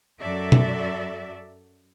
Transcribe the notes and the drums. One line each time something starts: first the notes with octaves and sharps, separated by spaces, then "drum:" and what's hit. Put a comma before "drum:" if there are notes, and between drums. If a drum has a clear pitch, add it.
F#2 F#4 A4 D5 E5
drum: tom B2